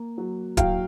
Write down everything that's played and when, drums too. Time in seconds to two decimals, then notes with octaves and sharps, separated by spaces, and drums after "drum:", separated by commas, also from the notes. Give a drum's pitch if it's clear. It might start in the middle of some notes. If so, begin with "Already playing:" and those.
Already playing: A#3
0.18 F#3
0.57 F#3 F5 G5, drum: kick D1, hi-hat